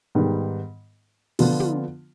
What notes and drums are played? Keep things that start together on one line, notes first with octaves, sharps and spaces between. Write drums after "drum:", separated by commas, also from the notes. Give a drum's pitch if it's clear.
G#2 D#3 G3 B3
D3 F3 B3 F4, drum: open hi-hat
drum: tom